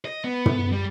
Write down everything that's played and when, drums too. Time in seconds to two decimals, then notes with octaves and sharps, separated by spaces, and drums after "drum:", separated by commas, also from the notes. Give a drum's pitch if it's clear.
0.05 D#5
0.24 B3
0.46 drum: tom
0.72 G3